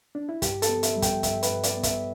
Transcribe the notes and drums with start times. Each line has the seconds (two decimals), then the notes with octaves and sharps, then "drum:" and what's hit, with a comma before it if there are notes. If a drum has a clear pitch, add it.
0.15 D4
0.29 E4
0.42 G2 G4, drum: kick, hi-hat
0.62 A4, drum: hi-hat
0.69 B3
0.83 E5, drum: hi-hat
0.96 G3
1.02 G5, drum: kick, hi-hat
1.23 G2 E5, drum: kick, hi-hat
1.43 B4, drum: hi-hat
1.49 G2
1.63 D5, drum: hi-hat
1.77 B3
1.83 E5, drum: kick, hi-hat